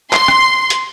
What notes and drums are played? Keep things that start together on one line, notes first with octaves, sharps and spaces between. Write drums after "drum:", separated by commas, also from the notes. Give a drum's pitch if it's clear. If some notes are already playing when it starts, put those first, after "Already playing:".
C6, drum: clap
drum: rim click
drum: hi-hat